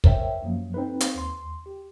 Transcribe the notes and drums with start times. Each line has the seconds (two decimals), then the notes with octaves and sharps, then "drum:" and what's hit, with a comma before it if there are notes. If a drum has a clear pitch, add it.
0.04 A#4 C5 C#5 E5 G5, drum: kick
0.42 F#2 F3 F#3 A#3
0.74 C4 D#4 A4 B4
1.00 drum: hi-hat
1.15 D#2 C6
1.66 G4